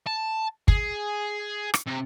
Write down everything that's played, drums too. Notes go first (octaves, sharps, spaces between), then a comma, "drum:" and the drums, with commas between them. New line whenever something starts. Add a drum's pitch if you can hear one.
A5
G#4, drum: kick
drum: rim click
C3